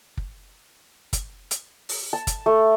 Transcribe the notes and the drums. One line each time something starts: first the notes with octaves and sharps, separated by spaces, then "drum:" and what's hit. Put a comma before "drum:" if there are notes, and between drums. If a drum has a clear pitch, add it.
drum: kick
drum: kick, hi-hat
drum: hi-hat
drum: open hi-hat
A5
drum: kick, hi-hat
A3